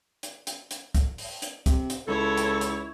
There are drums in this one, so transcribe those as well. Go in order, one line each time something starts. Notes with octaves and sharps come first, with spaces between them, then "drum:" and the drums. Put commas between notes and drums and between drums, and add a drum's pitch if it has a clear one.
drum: hi-hat
drum: hi-hat
drum: hi-hat
drum: kick, hi-hat
drum: open hi-hat
drum: hi-hat
C3, drum: kick, hi-hat
drum: hi-hat
C#2 E4 A4 C#5
drum: hi-hat
drum: hi-hat